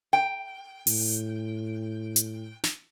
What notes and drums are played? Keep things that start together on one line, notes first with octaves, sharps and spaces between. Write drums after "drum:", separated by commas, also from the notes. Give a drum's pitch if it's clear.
G5
A2, drum: open hi-hat
drum: hi-hat
drum: snare